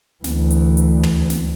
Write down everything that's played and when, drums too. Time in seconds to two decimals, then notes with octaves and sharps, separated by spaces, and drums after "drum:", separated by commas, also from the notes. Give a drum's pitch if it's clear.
0.24 D2 E3, drum: snare
0.50 drum: hi-hat
0.77 drum: hi-hat
1.03 drum: tom
1.30 drum: snare